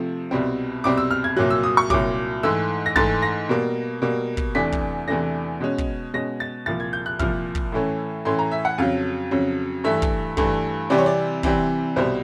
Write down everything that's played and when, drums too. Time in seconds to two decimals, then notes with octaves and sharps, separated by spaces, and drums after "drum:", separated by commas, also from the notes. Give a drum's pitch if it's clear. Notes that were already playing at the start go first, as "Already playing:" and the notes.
Already playing: C3 F3 A3 C4
0.31 C2 B2 G3 C4
0.84 C2 B2 G3 C4 D6
0.97 E6
1.11 F6
1.24 G#6
1.36 C2 A#2 F#3 F#6
1.50 E6
1.63 D#6
1.77 C#6
1.90 C2 A#2 F#3 D6, drum: kick
2.43 G#2 E3 A3 E6
2.86 A#6
2.96 G#2 E3 A3 A6, drum: kick
3.22 A#6
3.49 B2 G3 A#3
4.02 B2 G3 A#3
4.37 drum: kick
4.55 E2 C3 E3 A3 D4 B6
4.72 drum: kick
5.08 E2 C3 E3 A3 D4 A#6
5.60 B2 G#3 C#4
5.78 drum: kick
6.14 B2 G#3 C#4 A#6
6.40 A6
6.66 C2 A#2 F3 A6
6.80 G#6
6.93 G6
7.06 F#6
7.19 C2 A#2 F3 F6, drum: kick
7.55 drum: kick
7.72 A2 E3 A3 C#4
8.25 A2 E3 A3 C#4 C6
8.39 A#5
8.51 E5
8.65 F#5
8.78 F2 C#3 F#3 F5
9.31 F2 C#3 F#3
9.84 G2 E3 A3 E5
10.02 drum: kick
10.37 G2 E3 A3, drum: kick
10.90 C3 E3 G3 C4 D5
10.98 C#5
11.06 D5
11.43 C3 E3 G3 C4, drum: kick
11.96 C2 B2 G3 C5